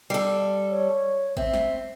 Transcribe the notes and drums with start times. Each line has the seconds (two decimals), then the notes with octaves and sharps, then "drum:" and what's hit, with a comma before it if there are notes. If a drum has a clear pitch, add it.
0.10 G3 A4
0.70 C#5
1.37 C4 E5, drum: kick
1.53 drum: snare